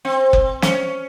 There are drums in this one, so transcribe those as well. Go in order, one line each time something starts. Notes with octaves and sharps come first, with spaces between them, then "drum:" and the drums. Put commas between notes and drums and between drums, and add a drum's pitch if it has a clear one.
C4
drum: kick F#1
C#4, drum: snare